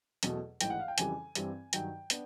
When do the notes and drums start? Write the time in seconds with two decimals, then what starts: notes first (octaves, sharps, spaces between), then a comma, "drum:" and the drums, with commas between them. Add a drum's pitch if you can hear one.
0.23 E2 B2 F#3 A3, drum: hi-hat
0.61 A1 G#2 E3 G5, drum: hi-hat
0.70 F#5
0.79 F5
0.88 G5
0.98 F2 C#3 E3 G3 G#5, drum: hi-hat
1.35 G2 E3 G3 C4, drum: hi-hat
1.73 G2 D#3 F#3 G5, drum: hi-hat
2.10 B3 D4, drum: hi-hat